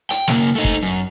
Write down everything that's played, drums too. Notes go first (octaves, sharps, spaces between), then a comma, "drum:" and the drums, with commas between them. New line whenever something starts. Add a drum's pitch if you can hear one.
G5, drum: hi-hat
C#3 A#3, drum: snare
A3 D#4
drum: kick
F#2